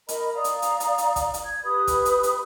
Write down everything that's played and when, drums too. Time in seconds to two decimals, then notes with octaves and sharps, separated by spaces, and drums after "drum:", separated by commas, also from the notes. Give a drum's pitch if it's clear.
0.09 A#4 D#5 A#5 B5, drum: hi-hat
0.34 D5 F5 A#5 D#6
0.44 drum: hi-hat
0.62 drum: hi-hat
0.80 drum: hi-hat
0.98 drum: hi-hat
1.16 drum: kick, hi-hat
1.34 drum: hi-hat
1.45 G#6
1.64 G4 B4 B5 D#6
1.87 drum: kick, hi-hat
2.05 drum: hi-hat
2.23 drum: hi-hat